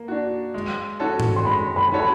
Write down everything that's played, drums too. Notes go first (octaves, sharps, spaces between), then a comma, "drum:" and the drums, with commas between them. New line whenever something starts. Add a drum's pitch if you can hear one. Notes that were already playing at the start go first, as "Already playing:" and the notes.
Already playing: A#3
D4 F#4
G#3
C#4 F#4 A4 C#5
drum: tom G#2
C6
G#3 B5
B5
C#4 F#4 A4 C#5
B5